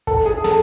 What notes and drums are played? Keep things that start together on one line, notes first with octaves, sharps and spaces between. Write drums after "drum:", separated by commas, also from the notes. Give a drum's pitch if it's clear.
A4, drum: kick, hi-hat
G#4
A4, drum: snare